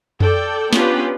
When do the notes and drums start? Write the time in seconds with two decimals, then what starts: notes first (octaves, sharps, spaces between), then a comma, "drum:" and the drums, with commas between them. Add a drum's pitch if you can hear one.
0.20 A4 D5 G5, drum: tom F2
0.73 B3 C#4 D4 F4 G4 B4, drum: snare